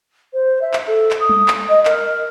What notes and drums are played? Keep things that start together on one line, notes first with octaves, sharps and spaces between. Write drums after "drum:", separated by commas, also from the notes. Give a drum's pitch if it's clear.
C5
E5
drum: clap
A4
drum: clap
D#6
drum: tom G3
drum: clap
D#5
A#4, drum: clap